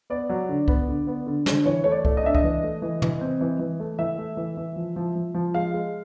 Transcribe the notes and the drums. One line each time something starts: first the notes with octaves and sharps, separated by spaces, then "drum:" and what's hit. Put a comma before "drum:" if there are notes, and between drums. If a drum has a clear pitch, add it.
B3 D5
F#3
D3
B3, drum: kick C2
D3
B3
D3
D3, drum: snare
E3 C#5
A3 C#5
D5
A3, drum: kick C2
D#5
D4 E5
D#5, drum: kick C2
E3
A3
E3
E3, drum: tom
C4
E3
E3
A3
E3 E5
A3
E3
E3
F3
F3
F3
F3
G#3 F5
G#3